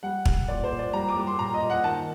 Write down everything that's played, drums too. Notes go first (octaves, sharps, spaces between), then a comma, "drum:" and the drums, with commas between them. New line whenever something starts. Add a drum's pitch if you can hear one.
G3 F#5
G3, drum: kick
A#2 D5
C5
A#2
D5
G3 A#5
D6
G3
C6
A#2 A#5
D#5
A#2
F#5
D#3 A5